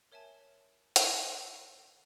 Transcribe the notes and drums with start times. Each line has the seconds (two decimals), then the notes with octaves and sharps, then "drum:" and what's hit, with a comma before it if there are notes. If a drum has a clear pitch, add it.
0.12 A#4 C#5 E5 G#5 A5
0.96 drum: hi-hat